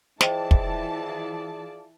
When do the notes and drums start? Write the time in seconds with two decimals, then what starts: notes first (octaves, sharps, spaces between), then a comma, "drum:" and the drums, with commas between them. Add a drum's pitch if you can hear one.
0.21 E3 F4 G#4 C5 D5 D#5 G5 A5, drum: snare
0.51 drum: kick